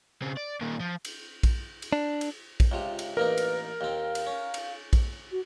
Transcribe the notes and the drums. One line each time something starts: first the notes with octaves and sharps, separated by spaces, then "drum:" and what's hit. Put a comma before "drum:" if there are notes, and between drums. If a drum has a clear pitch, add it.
C#3 C4
D5
A#2 D#3
F3
drum: cymbal
drum: kick A#1, cymbal
drum: cymbal
D4
drum: cymbal
drum: kick A#1, cymbal
C#2 C3 F4
drum: cymbal
A1 A#3 D#4 A#4 B4
drum: cymbal
D#2 C4 F5
drum: cymbal
C#4
drum: cymbal
drum: kick A#1, cymbal
F#4